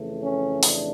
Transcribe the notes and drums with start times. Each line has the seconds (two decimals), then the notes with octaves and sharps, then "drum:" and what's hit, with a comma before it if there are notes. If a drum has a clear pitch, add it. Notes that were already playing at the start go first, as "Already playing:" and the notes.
Already playing: F2 C#3 E3 A3
0.23 C#4
0.63 D4, drum: open hi-hat